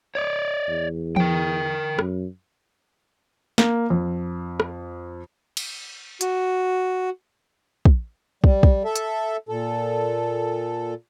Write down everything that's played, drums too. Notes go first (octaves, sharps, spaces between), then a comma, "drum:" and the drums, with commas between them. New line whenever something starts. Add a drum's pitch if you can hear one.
C#5 D5
E2
A#4 G5, drum: tom E3
F#2, drum: rim click
A#3, drum: snare
F2
drum: rim click
drum: cymbal
F#4, drum: hi-hat
drum: kick
G3, drum: kick
drum: kick
A4 E5
drum: hi-hat
A#2 A4